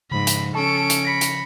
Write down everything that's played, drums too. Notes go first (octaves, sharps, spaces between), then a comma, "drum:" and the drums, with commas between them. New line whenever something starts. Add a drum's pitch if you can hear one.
G#2 C#3 F3 B5
drum: hi-hat
C#4 A4 A5 C#6 D7
drum: hi-hat
B5 A#6 B6 C#7
drum: hi-hat